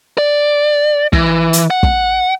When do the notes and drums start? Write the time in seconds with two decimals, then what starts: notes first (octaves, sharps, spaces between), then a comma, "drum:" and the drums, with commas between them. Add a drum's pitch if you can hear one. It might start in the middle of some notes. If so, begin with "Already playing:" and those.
0.18 D5
1.13 E3, drum: kick
1.53 drum: hi-hat
1.70 F#5
1.83 drum: kick